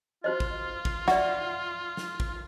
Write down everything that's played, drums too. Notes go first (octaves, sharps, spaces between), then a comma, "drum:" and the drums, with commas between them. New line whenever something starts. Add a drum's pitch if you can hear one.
F4 F#4 C5 D#5
drum: kick
drum: kick
F#4 D5 E5, drum: snare
drum: snare
drum: kick